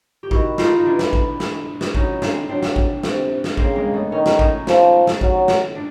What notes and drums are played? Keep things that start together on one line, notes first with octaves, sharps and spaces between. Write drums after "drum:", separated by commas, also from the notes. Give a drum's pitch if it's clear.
G4
D#3 E4 F#4, drum: kick
D#4 F4, drum: snare
D#4
E3 D4 E4
drum: snare
drum: kick
drum: snare
drum: snare
F#3 C#4 D#4, drum: kick
C4 D4, drum: snare
F#3 C4 D4
drum: snare
drum: kick
C3, drum: snare
drum: snare
C#3 A#3 C4, drum: kick
G#3 A#3
A3 B3
D#3 C#4 D#4
drum: snare
C#4 D#4, drum: kick
F3, drum: snare
drum: snare
F#3, drum: kick
drum: snare
D4